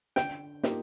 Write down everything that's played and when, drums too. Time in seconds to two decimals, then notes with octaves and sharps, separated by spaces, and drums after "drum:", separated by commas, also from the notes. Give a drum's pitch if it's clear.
0.16 D3 G5, drum: snare
0.63 F3 A#3 D#4 G4, drum: snare